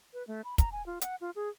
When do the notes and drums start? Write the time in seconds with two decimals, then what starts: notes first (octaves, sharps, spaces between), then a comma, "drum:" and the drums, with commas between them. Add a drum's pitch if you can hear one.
0.14 B4
0.27 A3
0.44 B5
0.58 A#5, drum: kick, hi-hat
0.72 G#5
0.86 F4
1.01 F#5, drum: hi-hat
1.21 F4
1.36 G#4